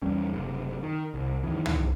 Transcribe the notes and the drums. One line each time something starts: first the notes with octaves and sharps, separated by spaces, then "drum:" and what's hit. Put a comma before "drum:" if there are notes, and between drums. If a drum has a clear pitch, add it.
E2 G3 C#4
F#1 C3
D#3
C2
F#2 D#3 E3
drum: tom